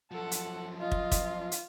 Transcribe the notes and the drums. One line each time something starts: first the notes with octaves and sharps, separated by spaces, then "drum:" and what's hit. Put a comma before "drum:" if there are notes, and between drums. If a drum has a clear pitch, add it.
F#2 F3 A4 F#5
drum: hi-hat
F4 D#5
drum: kick
drum: kick, hi-hat
drum: hi-hat